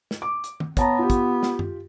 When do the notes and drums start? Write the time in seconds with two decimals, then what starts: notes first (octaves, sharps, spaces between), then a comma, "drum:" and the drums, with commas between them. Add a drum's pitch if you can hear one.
0.11 drum: snare
0.22 D6
0.44 drum: hi-hat
0.60 drum: tom
0.77 B3 C#5 A5 A#5, drum: kick, hi-hat
0.99 F4 G4
1.10 drum: kick, hi-hat
1.43 drum: snare
1.59 drum: tom F#2